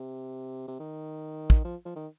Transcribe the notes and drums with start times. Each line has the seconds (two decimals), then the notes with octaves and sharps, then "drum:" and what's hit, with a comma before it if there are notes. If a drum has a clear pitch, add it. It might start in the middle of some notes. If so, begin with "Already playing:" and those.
Already playing: C3
0.68 C3
0.80 D#3
1.50 drum: kick
1.65 F3
1.85 F3
1.96 D#3